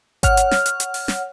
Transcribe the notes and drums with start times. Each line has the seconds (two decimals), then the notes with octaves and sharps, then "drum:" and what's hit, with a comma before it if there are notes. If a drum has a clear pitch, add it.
0.23 C#5 F#5 F6, drum: kick G#1, hi-hat
0.37 drum: hi-hat
0.51 drum: snare
0.66 drum: hi-hat
0.80 drum: hi-hat
0.94 drum: open hi-hat
1.08 drum: snare